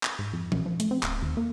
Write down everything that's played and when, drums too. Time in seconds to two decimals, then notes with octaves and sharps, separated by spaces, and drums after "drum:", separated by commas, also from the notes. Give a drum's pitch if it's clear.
0.03 drum: clap
0.19 G#2
0.33 F2
0.52 B1, drum: tom E3
0.66 F3
0.80 A3, drum: hi-hat
0.91 C4
1.03 D1, drum: clap
1.22 D#2
1.37 A#3